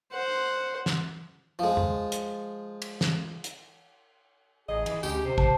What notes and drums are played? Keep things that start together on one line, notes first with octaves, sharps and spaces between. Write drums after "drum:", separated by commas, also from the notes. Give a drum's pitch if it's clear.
C5 F#5
drum: snare
F3 G#3
drum: tom F2
drum: hi-hat
drum: cymbal
drum: snare
drum: hi-hat
A1 G#4 D#5
E3, drum: cymbal
D2 C#4 G4, drum: tambourine
C3 C5
C3 C5 A5, drum: kick